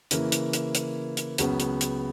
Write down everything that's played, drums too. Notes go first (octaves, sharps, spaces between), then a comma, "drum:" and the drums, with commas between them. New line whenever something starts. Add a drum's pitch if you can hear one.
C#3 E3 A#3, drum: hi-hat
drum: hi-hat
drum: hi-hat
drum: hi-hat
drum: hi-hat
C#2 C#3 F#3 B3, drum: hi-hat
drum: hi-hat
drum: hi-hat